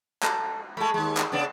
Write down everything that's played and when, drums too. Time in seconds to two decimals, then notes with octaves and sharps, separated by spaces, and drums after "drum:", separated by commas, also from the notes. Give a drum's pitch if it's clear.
0.23 A4 A#5, drum: clap
0.77 G#3 A3 A5 B5
0.94 D#2 G#3
1.17 drum: clap
1.32 C#3 B3 D4